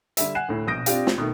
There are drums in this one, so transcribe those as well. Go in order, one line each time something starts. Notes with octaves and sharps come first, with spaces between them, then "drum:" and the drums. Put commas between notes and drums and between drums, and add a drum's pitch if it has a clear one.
D3 G3 E5, drum: hi-hat
F#5 G#5 F#6 C7 E7
D2 A2
A#1 B2 D#6 G6 A#6 D7
C4 D4 F4 G4 F5, drum: hi-hat
drum: snare
B2 D#3 A3